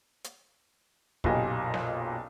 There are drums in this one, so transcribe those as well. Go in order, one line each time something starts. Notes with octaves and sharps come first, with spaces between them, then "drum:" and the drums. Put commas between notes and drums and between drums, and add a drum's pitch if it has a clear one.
drum: hi-hat
F#1 B1 A#2 G4 D#5 G#5, drum: kick
drum: snare